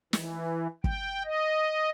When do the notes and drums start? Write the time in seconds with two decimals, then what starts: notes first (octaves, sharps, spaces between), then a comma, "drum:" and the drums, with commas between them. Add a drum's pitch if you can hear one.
0.13 E3, drum: snare
0.84 G5, drum: kick
1.25 D#5